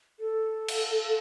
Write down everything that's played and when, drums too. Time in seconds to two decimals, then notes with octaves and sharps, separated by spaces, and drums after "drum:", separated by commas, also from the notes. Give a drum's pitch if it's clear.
0.20 A4
0.68 drum: cymbal